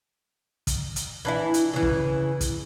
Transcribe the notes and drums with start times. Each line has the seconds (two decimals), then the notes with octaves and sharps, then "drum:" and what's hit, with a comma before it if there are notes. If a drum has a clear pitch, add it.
0.67 drum: kick, hi-hat
0.96 drum: hi-hat
1.25 E3 D4 E4
1.54 drum: hi-hat
1.73 C#3 E3
1.83 drum: kick
2.41 drum: kick, hi-hat